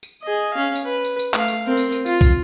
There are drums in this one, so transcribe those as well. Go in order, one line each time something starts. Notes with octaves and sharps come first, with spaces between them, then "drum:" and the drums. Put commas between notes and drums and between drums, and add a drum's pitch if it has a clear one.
drum: tambourine
G#4 D#5
C#4 F5
drum: tambourine
B4
drum: tambourine
drum: tambourine
A3 F5, drum: clap
drum: tambourine
C4 A#4
drum: tambourine
drum: tambourine
F4, drum: tambourine
drum: kick, tambourine